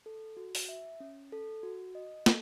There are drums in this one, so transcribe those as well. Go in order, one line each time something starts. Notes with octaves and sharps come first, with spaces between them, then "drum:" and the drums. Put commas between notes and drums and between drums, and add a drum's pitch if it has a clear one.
A4
F#4
drum: open hi-hat
E5
C#4
A4
F#4
D#5
A4, drum: snare